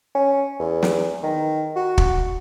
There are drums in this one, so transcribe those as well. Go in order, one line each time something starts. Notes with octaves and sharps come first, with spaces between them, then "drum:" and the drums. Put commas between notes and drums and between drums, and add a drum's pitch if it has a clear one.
C#4
E2
drum: snare
D#3
F#4
drum: kick